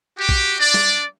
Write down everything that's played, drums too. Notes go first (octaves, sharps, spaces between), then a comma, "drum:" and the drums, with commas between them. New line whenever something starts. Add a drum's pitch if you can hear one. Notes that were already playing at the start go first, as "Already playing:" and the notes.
F#4 G4
drum: kick
D4 D5
drum: snare